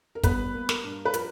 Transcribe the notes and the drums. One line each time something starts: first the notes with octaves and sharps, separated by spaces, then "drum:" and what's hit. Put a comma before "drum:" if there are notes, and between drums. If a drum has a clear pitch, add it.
A#4
G3 B3 B4, drum: kick, hi-hat
A#3
A#4, drum: snare
G2
B4
F3 A#4, drum: hi-hat